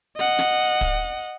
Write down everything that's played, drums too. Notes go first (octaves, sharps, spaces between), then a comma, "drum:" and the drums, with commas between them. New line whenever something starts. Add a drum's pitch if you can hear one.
D#5 F#5
drum: snare
drum: kick